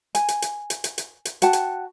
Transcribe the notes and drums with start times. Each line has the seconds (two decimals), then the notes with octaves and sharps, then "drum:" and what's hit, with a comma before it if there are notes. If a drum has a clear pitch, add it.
0.15 G#5, drum: hi-hat
0.28 drum: hi-hat
0.42 drum: hi-hat
0.70 drum: hi-hat
0.84 drum: hi-hat
0.98 drum: hi-hat
1.25 drum: hi-hat
1.42 F#4 F#5 G5 A5, drum: hi-hat
1.53 drum: hi-hat